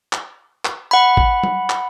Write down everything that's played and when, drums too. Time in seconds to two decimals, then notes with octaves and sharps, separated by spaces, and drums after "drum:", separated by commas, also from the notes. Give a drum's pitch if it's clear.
0.13 drum: clap
0.65 drum: clap
0.91 F#5 B5
1.17 drum: kick A1
1.44 drum: tom G3
1.70 drum: clap